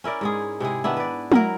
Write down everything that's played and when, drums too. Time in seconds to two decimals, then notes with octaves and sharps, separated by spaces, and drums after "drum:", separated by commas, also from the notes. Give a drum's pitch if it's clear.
0.04 C#4 E4 A#4 D5
0.21 G#2 G#3 G#4
0.60 C3 G#3 E4 G#4
0.84 D#3 B3 D4 E4
0.97 B4 D5
1.32 F#3 E4 A#4, drum: tom